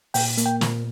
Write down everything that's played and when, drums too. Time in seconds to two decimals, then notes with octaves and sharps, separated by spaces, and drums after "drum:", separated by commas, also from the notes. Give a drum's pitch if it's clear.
0.14 A#2 G5, drum: open hi-hat
0.38 A#3, drum: hi-hat
0.46 G5
0.61 A#2, drum: snare